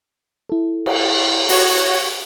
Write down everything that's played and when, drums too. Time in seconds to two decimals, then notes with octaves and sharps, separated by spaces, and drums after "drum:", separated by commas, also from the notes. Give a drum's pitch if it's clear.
0.49 E4 A4
0.86 drum: cymbal
1.49 F#4 C#5, drum: open hi-hat